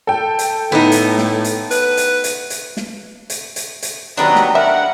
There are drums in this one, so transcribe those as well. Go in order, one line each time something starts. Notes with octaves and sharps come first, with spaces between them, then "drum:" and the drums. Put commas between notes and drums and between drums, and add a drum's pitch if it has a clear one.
A4 G5
drum: hi-hat
A2 B3 D#4
drum: hi-hat
drum: snare
drum: hi-hat
B4, drum: hi-hat
drum: hi-hat
drum: hi-hat
drum: hi-hat
drum: snare
drum: hi-hat
drum: hi-hat
drum: hi-hat
D#3 F#3 B3 D4 G4 B4 A#5
drum: snare
A#4 E5 F#5